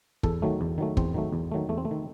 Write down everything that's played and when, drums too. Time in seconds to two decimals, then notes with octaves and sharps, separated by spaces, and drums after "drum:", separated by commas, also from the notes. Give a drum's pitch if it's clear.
0.23 E2 A4, drum: kick
0.42 D#3 F#3 A3
0.61 E2
0.78 D#3 F#3 A3
0.97 E2 C4, drum: kick
1.14 D#3 F#3 A3
1.32 E2
1.52 D#3 F#3 A3
1.69 E2 A3
1.78 C4
1.85 A3
1.91 D#3